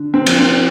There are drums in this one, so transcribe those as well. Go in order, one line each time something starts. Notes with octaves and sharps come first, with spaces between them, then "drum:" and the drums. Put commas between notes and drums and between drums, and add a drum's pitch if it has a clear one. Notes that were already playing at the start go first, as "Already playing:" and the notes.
Already playing: D3
C4
F3, drum: cymbal
C4